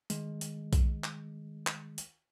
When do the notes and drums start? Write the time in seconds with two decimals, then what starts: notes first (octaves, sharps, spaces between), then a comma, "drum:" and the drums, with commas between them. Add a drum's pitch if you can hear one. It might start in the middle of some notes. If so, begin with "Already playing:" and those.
0.10 D#3 G#3, drum: hi-hat
0.41 drum: hi-hat
0.73 drum: kick B1, hi-hat
1.04 drum: clap
1.67 drum: clap
1.98 drum: hi-hat